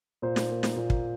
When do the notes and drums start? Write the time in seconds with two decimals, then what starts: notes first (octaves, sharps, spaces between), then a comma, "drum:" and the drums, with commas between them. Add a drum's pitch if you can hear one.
0.22 A#2 C5
0.36 drum: snare
0.50 A#3
0.63 drum: snare
0.76 A#2
0.90 drum: kick